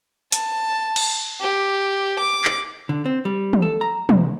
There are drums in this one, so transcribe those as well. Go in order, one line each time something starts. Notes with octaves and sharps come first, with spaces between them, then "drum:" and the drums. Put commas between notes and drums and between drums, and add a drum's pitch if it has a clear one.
A5, drum: hi-hat
drum: cymbal
G4
D6
drum: clap
D3
C4
G3
drum: tom
A4
A#5
C2, drum: tom